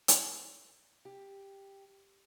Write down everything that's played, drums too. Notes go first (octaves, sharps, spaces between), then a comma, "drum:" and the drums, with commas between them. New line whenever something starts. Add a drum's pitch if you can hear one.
drum: hi-hat
G4